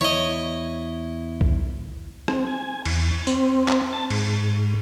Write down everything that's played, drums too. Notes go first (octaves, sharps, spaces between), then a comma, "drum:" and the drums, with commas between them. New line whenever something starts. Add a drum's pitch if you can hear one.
E2 E4 C#5 D#5
drum: kick B1
C4, drum: rim click
G#5
E2, drum: cymbal
C4, drum: tambourine
drum: clap
A5
G#2, drum: cymbal